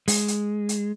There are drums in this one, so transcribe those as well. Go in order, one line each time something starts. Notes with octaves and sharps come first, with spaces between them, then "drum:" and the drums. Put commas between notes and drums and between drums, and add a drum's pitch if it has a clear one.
G#3, drum: open hi-hat
drum: hi-hat
drum: hi-hat